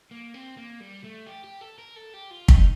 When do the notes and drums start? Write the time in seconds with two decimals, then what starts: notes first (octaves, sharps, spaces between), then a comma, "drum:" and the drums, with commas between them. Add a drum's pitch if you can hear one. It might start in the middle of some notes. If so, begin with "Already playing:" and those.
0.11 A#3
0.34 C4
0.57 A#3
0.80 G3
1.04 A3
1.27 G4
1.44 G4
1.61 A4
1.78 A#4
1.96 A4
2.14 G4
2.31 F4
2.48 D#4, drum: kick